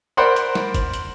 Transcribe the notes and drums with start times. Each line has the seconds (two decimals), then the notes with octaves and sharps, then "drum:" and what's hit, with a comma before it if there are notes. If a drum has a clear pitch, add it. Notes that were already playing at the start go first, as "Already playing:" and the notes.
0.17 A#4 C5 D5 F#5 B5 C6
0.36 drum: hi-hat
0.55 drum: snare
0.74 drum: kick G1, hi-hat
0.93 drum: hi-hat